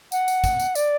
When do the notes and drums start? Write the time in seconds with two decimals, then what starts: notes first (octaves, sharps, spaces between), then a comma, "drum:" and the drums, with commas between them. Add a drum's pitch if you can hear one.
0.12 F#5, drum: tambourine
0.28 drum: tambourine
0.44 drum: kick, tambourine
0.60 drum: tambourine
0.75 D5, drum: tambourine